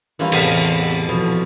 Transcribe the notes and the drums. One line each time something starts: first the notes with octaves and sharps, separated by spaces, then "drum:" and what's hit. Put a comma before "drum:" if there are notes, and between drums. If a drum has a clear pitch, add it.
E3 G3 A#3 C#4 E4 F4
E2 A2 C3, drum: cymbal
F2 B2 F3